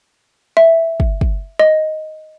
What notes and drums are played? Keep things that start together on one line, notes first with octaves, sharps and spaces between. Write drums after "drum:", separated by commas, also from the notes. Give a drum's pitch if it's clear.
E5
drum: kick
drum: kick
D#5